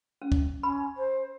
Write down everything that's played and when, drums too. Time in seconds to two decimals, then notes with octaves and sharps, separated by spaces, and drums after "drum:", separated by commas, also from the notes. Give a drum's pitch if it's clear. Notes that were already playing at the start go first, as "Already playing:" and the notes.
0.22 C#4
0.32 drum: kick
0.63 C#4 B5
0.97 C5